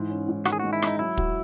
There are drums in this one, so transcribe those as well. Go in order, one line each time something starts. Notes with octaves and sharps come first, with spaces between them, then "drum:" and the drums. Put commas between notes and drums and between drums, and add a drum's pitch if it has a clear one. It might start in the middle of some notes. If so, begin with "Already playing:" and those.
Already playing: G#2 E3
C#4
G#2
D#3 F#4, drum: rim click
G#4
G#3 F#4
E4
G#3 D#4, drum: rim click
F#3 E4
F#4, drum: kick